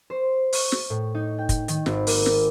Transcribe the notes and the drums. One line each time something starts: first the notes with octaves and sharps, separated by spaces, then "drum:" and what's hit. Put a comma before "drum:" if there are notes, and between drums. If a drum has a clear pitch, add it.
C5
C#6, drum: open hi-hat
drum: snare
A2
D#4
G5
drum: kick, hi-hat
D#3, drum: hi-hat
G#1, drum: snare
A#3, drum: open hi-hat
drum: snare